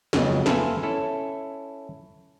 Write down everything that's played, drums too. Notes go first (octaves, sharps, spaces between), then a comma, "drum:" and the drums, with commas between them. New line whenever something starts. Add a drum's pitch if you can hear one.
F2 C#3 F#3 G#3 B3, drum: snare
A4 B4 C5 E5 F5 G#5, drum: snare
C#4 E4 A4